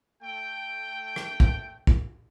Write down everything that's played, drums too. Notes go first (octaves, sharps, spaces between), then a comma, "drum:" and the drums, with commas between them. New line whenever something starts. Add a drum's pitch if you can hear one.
A3 G5
drum: rim click
drum: kick
drum: kick